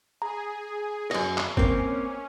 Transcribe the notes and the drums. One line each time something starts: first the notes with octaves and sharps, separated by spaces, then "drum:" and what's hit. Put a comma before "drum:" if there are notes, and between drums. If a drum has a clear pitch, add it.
G#4 A#5
F#2 D#5, drum: cymbal
drum: clap
A#3 C4 C#4, drum: kick